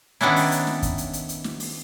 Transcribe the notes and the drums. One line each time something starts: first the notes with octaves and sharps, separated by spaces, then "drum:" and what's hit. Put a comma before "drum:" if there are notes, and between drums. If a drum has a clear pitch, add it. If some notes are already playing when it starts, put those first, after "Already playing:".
D#3 B3 C#4 D4 E4, drum: snare
drum: open hi-hat
drum: hi-hat
drum: snare
drum: kick, hi-hat
drum: hi-hat
drum: hi-hat
drum: hi-hat
drum: snare
drum: open hi-hat